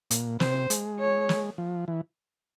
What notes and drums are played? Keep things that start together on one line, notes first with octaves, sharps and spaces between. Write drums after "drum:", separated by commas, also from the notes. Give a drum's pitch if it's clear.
A#2, drum: hi-hat
C3 C5, drum: snare
G#3, drum: hi-hat
C#5
drum: snare
F3
E3